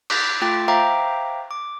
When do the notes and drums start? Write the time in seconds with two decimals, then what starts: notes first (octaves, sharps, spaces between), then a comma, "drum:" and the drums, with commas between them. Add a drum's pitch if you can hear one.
0.10 D6 F#6 G6 A6, drum: cymbal
0.41 A3 F4 G5 D6 A6
0.68 C5 E5 F5 G5 A#5 D6
1.51 D6